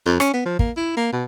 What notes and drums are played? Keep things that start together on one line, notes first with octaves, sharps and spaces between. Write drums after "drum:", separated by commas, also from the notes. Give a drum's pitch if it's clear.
F2
C#4, drum: rim click
B3
F3
A#3, drum: kick
E4
A#3
B2